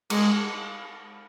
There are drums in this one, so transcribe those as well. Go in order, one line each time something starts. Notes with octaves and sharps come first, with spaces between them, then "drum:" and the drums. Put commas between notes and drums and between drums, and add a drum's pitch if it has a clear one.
G#3, drum: cymbal